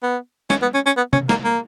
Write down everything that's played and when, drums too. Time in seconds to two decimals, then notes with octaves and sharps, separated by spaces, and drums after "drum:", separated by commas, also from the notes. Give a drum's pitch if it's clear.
0.03 B3
0.50 C#4, drum: snare
0.62 B3
0.74 C#4
0.86 C#4
0.97 B3
1.13 C#4, drum: tom C3
1.29 A#3, drum: snare
1.44 A#3